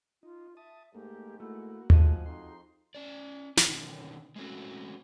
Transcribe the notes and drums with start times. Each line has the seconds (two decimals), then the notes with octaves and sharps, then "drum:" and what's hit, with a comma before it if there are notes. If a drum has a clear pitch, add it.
0.23 D#4 F4
0.57 E5 A5 D#6
0.95 G#2 A3 A#3 G4
1.40 A3 A#3 E4 F#4
1.90 F3 G#3 A3 D#4 F#4 G#4 D#5, drum: tom D#2
2.26 F2 D#4 C6
2.95 C#4 D5
3.57 B2 D3 D#3 C#4 D#4, drum: snare
4.36 G#3 A3 C4 C#4 F#4